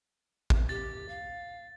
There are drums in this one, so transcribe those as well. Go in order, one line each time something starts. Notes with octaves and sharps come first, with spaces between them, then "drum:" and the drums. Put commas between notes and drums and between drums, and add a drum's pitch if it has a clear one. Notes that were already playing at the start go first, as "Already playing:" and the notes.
drum: kick
G4 A6
F5